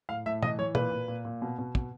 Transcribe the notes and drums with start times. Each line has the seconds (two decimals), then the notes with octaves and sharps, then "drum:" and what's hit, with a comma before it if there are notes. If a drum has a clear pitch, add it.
0.09 A2 F5
0.26 A2 E5
0.43 E3 D#5, drum: tom
0.59 E3 C#5
0.75 A#2 B4, drum: tom
0.92 A#2
1.08 A#2
1.25 A#2
1.42 B2
1.58 B2
1.75 B2, drum: kick